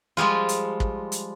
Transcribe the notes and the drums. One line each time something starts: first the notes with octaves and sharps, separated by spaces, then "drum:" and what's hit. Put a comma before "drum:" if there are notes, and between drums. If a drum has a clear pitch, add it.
F3 G3 G#3 F4
drum: hi-hat
drum: kick
drum: hi-hat